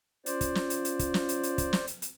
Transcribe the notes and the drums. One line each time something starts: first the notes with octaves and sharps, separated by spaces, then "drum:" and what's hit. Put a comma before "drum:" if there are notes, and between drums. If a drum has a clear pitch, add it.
C#4 F4 C5 D5, drum: hi-hat
drum: kick, hi-hat
drum: snare
drum: hi-hat
drum: hi-hat
drum: kick, hi-hat
drum: snare
drum: hi-hat
drum: hi-hat
drum: kick, hi-hat
drum: snare
drum: hi-hat
drum: hi-hat